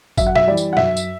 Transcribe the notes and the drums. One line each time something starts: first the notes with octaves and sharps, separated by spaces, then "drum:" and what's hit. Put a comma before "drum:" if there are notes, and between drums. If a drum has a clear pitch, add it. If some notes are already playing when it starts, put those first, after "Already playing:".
F#2 E5, drum: kick, tambourine
F#5
E5, drum: snare
E3 G3 D5
drum: tambourine
F#5
F#2 E5, drum: snare
drum: tambourine